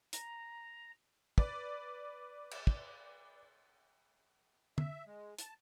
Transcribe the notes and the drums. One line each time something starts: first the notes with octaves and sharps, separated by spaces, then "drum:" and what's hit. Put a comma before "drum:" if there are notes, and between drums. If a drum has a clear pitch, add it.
A#5, drum: hi-hat
B4 D5, drum: kick
drum: cymbal
drum: kick
E5, drum: tom
G#3
A5, drum: hi-hat